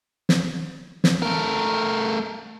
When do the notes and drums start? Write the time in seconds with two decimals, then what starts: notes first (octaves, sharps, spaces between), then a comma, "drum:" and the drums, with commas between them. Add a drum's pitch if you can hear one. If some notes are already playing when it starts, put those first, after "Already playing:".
0.29 drum: snare
1.04 drum: snare
1.22 A3 A#4